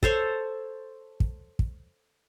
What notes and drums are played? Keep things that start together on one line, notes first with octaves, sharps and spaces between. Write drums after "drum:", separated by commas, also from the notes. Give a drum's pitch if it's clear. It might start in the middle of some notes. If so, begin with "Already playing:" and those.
A4 C5 C#5, drum: kick
drum: kick
drum: kick